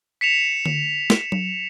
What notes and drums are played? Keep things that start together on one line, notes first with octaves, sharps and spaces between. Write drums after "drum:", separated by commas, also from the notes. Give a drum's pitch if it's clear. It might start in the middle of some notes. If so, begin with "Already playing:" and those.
B6 C#7 E7 F7
drum: tom D3
drum: snare
drum: tom F#3